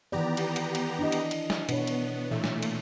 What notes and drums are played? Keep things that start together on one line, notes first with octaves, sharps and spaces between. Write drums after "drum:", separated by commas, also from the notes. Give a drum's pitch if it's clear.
D#3 E3 B3 G4 D5 A#5
drum: cymbal
drum: cymbal
drum: cymbal
D4 E4 D#5
drum: cymbal
drum: cymbal
drum: snare
B2 B3 D4 C#5, drum: cymbal
drum: cymbal
A#2 E3 A3 E5
drum: snare
drum: cymbal